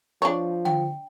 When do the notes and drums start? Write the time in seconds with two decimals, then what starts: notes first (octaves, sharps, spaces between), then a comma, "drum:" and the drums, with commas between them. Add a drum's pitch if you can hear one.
0.22 F3 D4 C#5
0.65 G5, drum: tom D3